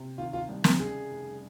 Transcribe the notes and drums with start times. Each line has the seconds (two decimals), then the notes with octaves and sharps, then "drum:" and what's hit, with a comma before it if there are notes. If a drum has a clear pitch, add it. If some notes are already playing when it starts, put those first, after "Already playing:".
Already playing: C3
0.18 D#3 F4
0.33 F4
0.49 C2
0.64 A#4, drum: snare
0.79 C#3 G#4
1.11 F1